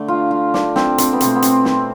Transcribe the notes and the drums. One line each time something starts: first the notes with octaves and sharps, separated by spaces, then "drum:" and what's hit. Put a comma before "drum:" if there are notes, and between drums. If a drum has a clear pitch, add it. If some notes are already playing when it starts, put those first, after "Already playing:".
Already playing: D3 A3
F4
F4
D4, drum: snare
C4, drum: snare
C4, drum: hi-hat
B3
B2 A3 C4, drum: hi-hat
B3
C4, drum: hi-hat
drum: snare